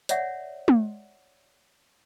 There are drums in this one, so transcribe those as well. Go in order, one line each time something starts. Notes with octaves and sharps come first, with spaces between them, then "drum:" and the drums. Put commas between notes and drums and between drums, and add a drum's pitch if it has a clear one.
C#5 D5 E5 F#5, drum: hi-hat
drum: tom